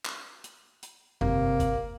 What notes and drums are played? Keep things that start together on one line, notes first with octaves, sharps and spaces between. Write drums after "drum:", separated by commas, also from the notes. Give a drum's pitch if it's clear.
drum: clap
drum: hi-hat
drum: hi-hat
G1 C3 A#3, drum: tom F2
drum: kick, hi-hat